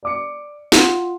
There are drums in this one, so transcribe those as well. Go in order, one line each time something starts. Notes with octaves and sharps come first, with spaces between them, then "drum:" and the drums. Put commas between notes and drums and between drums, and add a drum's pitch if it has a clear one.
D5 D6 C#7
F4 F#5 C6, drum: snare